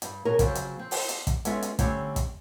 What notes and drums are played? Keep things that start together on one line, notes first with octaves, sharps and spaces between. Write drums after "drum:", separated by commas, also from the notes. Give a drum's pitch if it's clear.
G2, drum: hi-hat
B2 C#4 G#4 A#4
C#3 F3 F#3 C4, drum: kick, hi-hat
drum: hi-hat
C4
drum: open hi-hat
drum: hi-hat
drum: kick, hi-hat
G#3 B3 C#4 F4 A4 E5, drum: hi-hat
drum: hi-hat
D3 G3 A3 C4 C#4, drum: kick, hi-hat
drum: kick, hi-hat